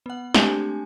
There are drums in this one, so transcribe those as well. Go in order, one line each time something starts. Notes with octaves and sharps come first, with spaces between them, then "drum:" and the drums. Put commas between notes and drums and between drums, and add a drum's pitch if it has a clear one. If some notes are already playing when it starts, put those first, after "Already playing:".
B3 F#5
G#3 A3 C4 D4 G4 G#5, drum: snare